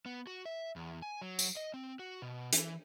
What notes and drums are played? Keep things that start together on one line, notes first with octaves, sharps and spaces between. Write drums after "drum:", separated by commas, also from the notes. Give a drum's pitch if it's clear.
B3
F#4
E5
E2
G#5
F#3
drum: tambourine
D#5
C4
F#4
B2
E3, drum: hi-hat